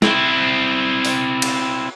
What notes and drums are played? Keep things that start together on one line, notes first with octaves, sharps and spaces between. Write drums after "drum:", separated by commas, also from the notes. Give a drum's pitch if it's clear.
C4 E4, drum: snare
drum: open hi-hat
drum: cymbal